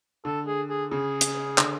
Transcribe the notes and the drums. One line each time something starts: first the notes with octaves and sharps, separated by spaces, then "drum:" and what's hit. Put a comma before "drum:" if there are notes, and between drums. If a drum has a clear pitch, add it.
D3 A4
G#4
G#4
C#3 G#4
drum: hi-hat
D3, drum: clap